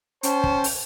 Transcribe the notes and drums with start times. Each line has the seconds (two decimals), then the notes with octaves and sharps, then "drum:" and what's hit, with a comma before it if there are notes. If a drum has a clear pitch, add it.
0.23 C#4 C5 G5 A5, drum: hi-hat
0.44 drum: kick
0.64 drum: open hi-hat